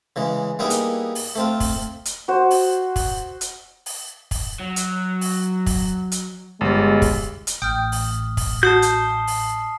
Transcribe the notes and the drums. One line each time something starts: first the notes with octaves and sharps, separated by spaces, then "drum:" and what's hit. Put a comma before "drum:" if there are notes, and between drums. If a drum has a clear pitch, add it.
C#3 E3 G#3
G3 A#3 B3 D#4 E4 G#4
drum: hi-hat
drum: open hi-hat
A3 C4 F4
drum: kick, open hi-hat
drum: hi-hat
F#4 C5
drum: open hi-hat
drum: kick, open hi-hat
drum: hi-hat
drum: open hi-hat
drum: kick, open hi-hat
F#3
drum: hi-hat
drum: open hi-hat
drum: kick, open hi-hat
drum: hi-hat
G1 G#3 G4
drum: kick, open hi-hat
drum: hi-hat
A1 G5 D#6 F6
drum: open hi-hat
drum: kick, open hi-hat
F#4 A5 D#6 G6 C7
drum: hi-hat
drum: open hi-hat